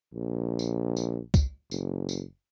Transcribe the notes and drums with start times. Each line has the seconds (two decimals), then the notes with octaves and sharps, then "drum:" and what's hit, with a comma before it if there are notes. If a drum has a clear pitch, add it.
0.14 A#1
0.59 drum: tambourine
0.97 drum: tambourine
1.34 drum: kick, tambourine
1.71 F#1, drum: tambourine
2.09 drum: tambourine